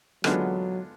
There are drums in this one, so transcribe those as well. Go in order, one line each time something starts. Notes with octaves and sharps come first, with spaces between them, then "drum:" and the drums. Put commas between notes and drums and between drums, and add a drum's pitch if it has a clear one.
D3 F#3 G#3 B3 D4 F4, drum: rim click